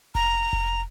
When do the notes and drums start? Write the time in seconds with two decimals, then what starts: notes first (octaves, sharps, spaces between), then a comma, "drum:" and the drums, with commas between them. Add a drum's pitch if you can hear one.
0.15 A#5, drum: kick F1
0.53 drum: kick F1